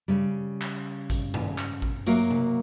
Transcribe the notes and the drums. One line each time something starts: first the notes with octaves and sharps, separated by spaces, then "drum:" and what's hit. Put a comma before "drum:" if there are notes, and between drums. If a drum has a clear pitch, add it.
C#3 G3
drum: clap
drum: kick A1, hi-hat
drum: tom G2
drum: clap
drum: kick A1
F#3 A#3 F#4 A#4 E5 F5, drum: hi-hat
drum: tom C3